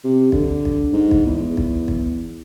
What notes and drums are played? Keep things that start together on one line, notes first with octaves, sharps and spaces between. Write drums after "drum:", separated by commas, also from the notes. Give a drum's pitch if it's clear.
C3
D3, drum: kick
drum: kick
G#2
drum: kick
E2
drum: kick
drum: kick